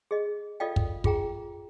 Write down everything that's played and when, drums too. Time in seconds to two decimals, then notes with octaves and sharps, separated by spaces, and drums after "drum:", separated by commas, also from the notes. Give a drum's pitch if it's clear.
0.11 G#4 D#5
0.60 F4 A4 D5 D#5 F5 G5
0.76 drum: kick
1.04 F4 G#4 G5 A#5, drum: kick